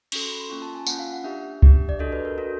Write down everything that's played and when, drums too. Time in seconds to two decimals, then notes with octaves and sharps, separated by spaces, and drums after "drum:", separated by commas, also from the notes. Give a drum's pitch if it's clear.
0.12 C#4 F#4 A4 C#6, drum: cymbal
0.21 C6
0.31 B5
0.41 C6
0.49 A#3 C#4 F4 C#6
0.62 A5
0.74 G#5
0.87 A#3 C#4 F4 F#5, drum: tambourine
0.99 F5
1.13 F#5
1.24 D4 G4 E5
1.62 D4 G4, drum: kick C2
1.89 D5
1.99 D4 F#4 A4 D#5
2.12 B4
2.25 A#4
2.38 D4 F#4 A4